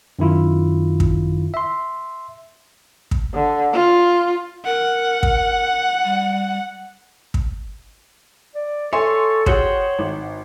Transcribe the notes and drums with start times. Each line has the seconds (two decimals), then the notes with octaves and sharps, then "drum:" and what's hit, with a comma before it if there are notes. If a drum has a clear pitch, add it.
0.19 F#2 D#3 E4 F4
1.00 drum: kick
1.54 E5 C6
3.11 drum: kick
3.34 D3
3.74 F4
4.66 A#4 F#5
5.23 drum: kick
6.04 G3
7.34 drum: kick
8.55 D5
8.93 A4 C#5 E5 G#5 C6
9.46 F#4 G#4 C5 C#5 F#5 G5, drum: kick
9.99 G#1